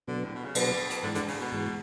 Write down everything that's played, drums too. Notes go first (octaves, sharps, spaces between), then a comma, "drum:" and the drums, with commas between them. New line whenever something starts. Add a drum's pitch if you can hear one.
B2 D3 F#3 B3
A2
B2
C#3
B2 D3 F#3 B3, drum: cymbal
drum: hi-hat
G#2 D3 E3 G#3
D3, drum: hi-hat
C#3, drum: open hi-hat
B2
G#2 E3 G#3